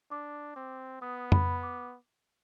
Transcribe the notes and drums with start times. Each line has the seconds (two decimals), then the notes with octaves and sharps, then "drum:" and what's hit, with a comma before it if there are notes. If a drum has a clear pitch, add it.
0.11 D4 D6
0.56 C4
1.01 B3 D#6
1.32 B5, drum: tom F2
1.63 D6